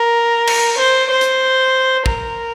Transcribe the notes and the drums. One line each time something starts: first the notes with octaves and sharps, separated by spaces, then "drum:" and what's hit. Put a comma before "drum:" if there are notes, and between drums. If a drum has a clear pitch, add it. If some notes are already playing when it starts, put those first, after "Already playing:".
Already playing: A#4
drum: cymbal
C5
C5
drum: hi-hat
A#4, drum: kick